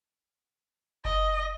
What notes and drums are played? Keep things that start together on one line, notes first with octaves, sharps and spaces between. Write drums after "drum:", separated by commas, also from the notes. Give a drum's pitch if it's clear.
D#5, drum: kick F#1